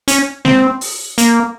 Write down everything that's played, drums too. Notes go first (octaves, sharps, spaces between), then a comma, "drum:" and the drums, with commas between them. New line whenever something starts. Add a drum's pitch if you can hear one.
C#4, drum: hi-hat
C4, drum: snare G#3
drum: open hi-hat
A#3, drum: hi-hat